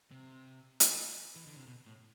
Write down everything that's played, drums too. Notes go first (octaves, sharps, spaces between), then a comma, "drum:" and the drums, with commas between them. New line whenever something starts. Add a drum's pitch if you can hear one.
C3
drum: hi-hat
E3
D3
C3
B2
A2